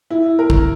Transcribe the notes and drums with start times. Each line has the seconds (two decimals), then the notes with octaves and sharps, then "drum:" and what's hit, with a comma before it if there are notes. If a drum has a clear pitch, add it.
0.10 E4
0.39 A#4
0.50 drum: kick